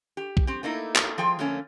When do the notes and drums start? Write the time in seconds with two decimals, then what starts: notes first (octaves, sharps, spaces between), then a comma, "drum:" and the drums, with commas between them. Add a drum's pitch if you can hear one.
0.17 G4
0.37 drum: kick B1
0.47 C4 G4
0.63 A3 A#3 D#4 E4
0.96 drum: clap
1.18 F3 F4 G#4 G5
1.39 F2 D3 A3 A#3 C#4